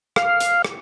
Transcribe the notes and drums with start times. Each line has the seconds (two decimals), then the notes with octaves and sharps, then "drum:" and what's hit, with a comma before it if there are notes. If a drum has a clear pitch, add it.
0.16 F5, drum: rim click
0.40 drum: hi-hat
0.64 drum: rim click